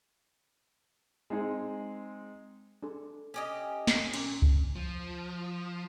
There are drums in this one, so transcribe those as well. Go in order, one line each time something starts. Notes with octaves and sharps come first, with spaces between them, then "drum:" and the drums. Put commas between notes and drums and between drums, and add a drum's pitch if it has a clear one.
G#3 C4 D#4 G#4
D4 G#4 A4
C#4 G4 D#5
drum: snare
A#2 C#4, drum: cymbal
drum: kick C#2
F3